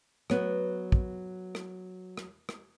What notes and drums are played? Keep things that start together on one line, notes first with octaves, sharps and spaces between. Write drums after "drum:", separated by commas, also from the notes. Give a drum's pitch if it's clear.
F#3 B3, drum: rim click
drum: kick
drum: rim click
drum: rim click
drum: rim click